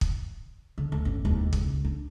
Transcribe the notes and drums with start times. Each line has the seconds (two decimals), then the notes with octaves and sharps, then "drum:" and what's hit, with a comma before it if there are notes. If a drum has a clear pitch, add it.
0.01 drum: kick
0.78 D3
0.92 D2
1.05 G1 C#4
1.25 E1 D#2
1.53 C#2, drum: kick
1.85 D4